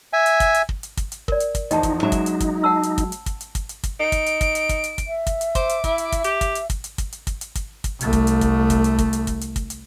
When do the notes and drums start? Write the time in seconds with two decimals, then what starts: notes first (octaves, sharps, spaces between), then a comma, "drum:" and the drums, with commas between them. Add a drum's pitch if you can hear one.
0.13 E5 G#5
0.26 drum: hi-hat
0.40 drum: kick, hi-hat
0.54 drum: hi-hat
0.69 drum: kick
0.83 drum: hi-hat
0.97 drum: kick, hi-hat
1.12 drum: hi-hat
1.28 A#4 D5, drum: kick
1.40 drum: hi-hat
1.55 drum: kick, hi-hat
1.71 E2 F3 D#4 D#5 G5 A5, drum: hi-hat
1.83 drum: kick, hi-hat
2.03 F#3 G#3 C#4 E5 A#5
2.12 drum: kick, hi-hat
2.26 drum: hi-hat
2.40 drum: kick, hi-hat
2.64 F#5 A5 E6
2.83 drum: hi-hat
2.98 drum: kick, hi-hat
3.12 drum: hi-hat
3.26 drum: kick, hi-hat
3.41 drum: hi-hat
3.55 drum: kick, hi-hat
3.69 drum: hi-hat
3.83 drum: kick, hi-hat
4.00 D#4 D7
4.12 drum: kick, hi-hat
4.26 drum: hi-hat
4.41 drum: kick, hi-hat
4.55 drum: hi-hat
4.69 drum: kick, hi-hat
4.84 drum: hi-hat
4.98 drum: kick, hi-hat
5.08 E5
5.27 drum: kick, hi-hat
5.41 drum: hi-hat
5.55 C5 D6, drum: kick, hi-hat
5.69 drum: hi-hat
5.84 E4, drum: kick, hi-hat
5.98 drum: hi-hat
6.12 drum: kick, hi-hat
6.24 G4, drum: hi-hat
6.41 drum: kick, hi-hat
6.55 drum: hi-hat
6.70 drum: kick, hi-hat
6.84 drum: hi-hat
6.98 drum: kick, hi-hat
7.13 drum: hi-hat
7.27 drum: kick, hi-hat
7.41 drum: hi-hat
7.55 drum: kick, hi-hat
7.84 drum: kick, hi-hat
8.01 C2 A3, drum: hi-hat
8.13 drum: kick, hi-hat
8.27 drum: hi-hat
8.41 drum: kick, hi-hat
8.70 drum: kick, hi-hat
8.84 drum: hi-hat
8.98 drum: kick, hi-hat
9.13 drum: hi-hat
9.27 drum: kick, hi-hat
9.41 drum: hi-hat
9.56 drum: kick, hi-hat
9.70 drum: hi-hat